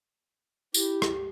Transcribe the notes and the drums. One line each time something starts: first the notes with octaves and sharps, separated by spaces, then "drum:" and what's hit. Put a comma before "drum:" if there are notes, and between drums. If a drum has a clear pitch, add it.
E4 G4, drum: tambourine
drum: rim click